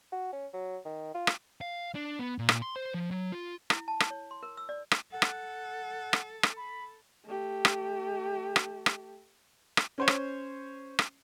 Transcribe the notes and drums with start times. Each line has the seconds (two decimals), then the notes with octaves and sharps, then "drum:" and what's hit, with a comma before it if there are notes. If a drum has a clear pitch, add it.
0.12 F#4
0.32 C#4
0.53 F#3
0.85 D#3
1.14 F4
1.27 drum: rim click
1.61 F5
1.95 D4
2.19 B3
2.39 A#2
2.49 drum: rim click
2.62 C6
2.76 C5
2.94 F3
3.11 F#3
3.32 F4
3.70 E4, drum: rim click
3.88 A5
4.00 drum: rim click
4.10 C#5
4.31 C6
4.43 A#4
4.57 E6
4.69 D5
4.91 drum: rim click
5.12 A4 F#5
5.22 drum: rim click
6.13 drum: rim click
6.43 drum: rim click
6.56 B5
7.26 A3 G4
7.65 drum: rim click
8.56 drum: rim click
8.86 drum: rim click
9.77 drum: rim click
9.98 C#4 C5 C#5
10.08 drum: rim click
10.99 drum: rim click